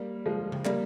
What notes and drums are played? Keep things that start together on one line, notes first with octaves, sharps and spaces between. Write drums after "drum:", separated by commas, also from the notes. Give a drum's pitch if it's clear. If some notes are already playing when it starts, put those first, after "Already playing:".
Already playing: G3 A#3
F3 G#3
drum: tom C#3
G3 A#3, drum: clap